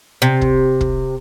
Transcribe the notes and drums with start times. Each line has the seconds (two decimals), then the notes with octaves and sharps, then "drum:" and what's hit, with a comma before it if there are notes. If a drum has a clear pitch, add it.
0.22 C3
0.41 drum: kick
0.81 drum: kick